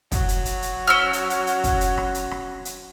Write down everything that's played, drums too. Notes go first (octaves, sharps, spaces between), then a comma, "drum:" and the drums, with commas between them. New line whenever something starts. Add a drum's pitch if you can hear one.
F#3, drum: kick, hi-hat
drum: hi-hat
drum: hi-hat
drum: hi-hat
C#4 E6 F6
drum: hi-hat
drum: hi-hat
drum: hi-hat
drum: kick, hi-hat
drum: hi-hat
drum: rim click
drum: hi-hat
drum: rim click
drum: hi-hat